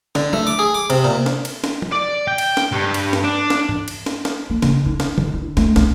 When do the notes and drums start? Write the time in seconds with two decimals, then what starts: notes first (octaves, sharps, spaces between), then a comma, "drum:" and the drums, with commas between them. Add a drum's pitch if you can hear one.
0.15 D3, drum: snare
0.33 A3, drum: tom
0.47 D6
0.59 G#4
0.74 D6
0.90 C3, drum: cymbal
1.04 A#2
1.26 drum: snare
1.45 drum: cymbal
1.64 drum: snare
1.82 drum: tom
1.92 D5
2.28 G5
2.38 drum: cymbal
2.57 drum: snare
2.73 G2
2.94 drum: cymbal
3.13 drum: snare
3.24 D4
3.50 drum: snare
3.69 drum: tom G#2
3.88 drum: cymbal
4.06 drum: snare
4.25 drum: snare
4.50 A#3
4.62 C#3, drum: snare
4.86 D#4
5.00 drum: snare
5.18 D3, drum: tom
5.34 E4
5.57 A3, drum: snare
5.76 B1, drum: snare